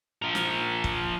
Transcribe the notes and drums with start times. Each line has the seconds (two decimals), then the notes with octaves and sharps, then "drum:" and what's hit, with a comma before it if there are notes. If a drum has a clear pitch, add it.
0.22 F3 A#4
0.35 drum: snare
0.84 drum: kick